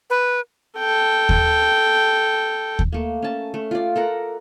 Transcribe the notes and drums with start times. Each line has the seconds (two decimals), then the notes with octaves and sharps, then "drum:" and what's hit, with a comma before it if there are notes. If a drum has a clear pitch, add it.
0.10 B4
0.79 A4 G5
1.29 drum: kick D#2
2.79 drum: kick D#2
2.92 A3 A#3
3.23 C#4 A5
3.54 A3
3.71 F4 D5
3.96 A4 A#4 F#5